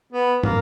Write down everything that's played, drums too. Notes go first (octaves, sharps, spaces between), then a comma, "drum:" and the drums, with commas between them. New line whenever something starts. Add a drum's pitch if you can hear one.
B3
A#3, drum: tom